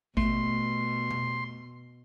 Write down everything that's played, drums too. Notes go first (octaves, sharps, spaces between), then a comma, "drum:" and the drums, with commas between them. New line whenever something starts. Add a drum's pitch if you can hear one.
B2 A3 C6, drum: kick G#1
drum: tom B2